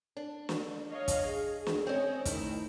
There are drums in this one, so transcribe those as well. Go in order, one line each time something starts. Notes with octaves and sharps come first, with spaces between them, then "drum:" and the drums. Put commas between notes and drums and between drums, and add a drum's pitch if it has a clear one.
D4
drum: snare
C#5 D#5 F5
drum: kick, hi-hat
G#4
drum: snare
C4 C#4 C#5 D#5
D#3 A3 D#4 E4, drum: kick, hi-hat